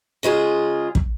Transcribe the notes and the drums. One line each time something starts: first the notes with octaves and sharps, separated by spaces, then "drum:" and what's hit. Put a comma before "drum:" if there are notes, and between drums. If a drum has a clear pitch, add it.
C#3 G#3 F4 G#4
drum: kick